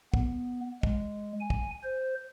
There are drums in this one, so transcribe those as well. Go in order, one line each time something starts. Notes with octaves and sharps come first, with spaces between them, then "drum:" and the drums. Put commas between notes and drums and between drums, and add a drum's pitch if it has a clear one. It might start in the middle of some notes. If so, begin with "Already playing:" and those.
B3, drum: kick
G#3, drum: kick
G#5
drum: kick
C5